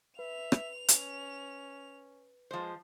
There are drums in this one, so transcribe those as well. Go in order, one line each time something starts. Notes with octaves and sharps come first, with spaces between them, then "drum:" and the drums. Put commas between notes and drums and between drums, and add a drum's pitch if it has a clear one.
B4 E5 F7
drum: rim click
C#4, drum: hi-hat
F3 G#3 C5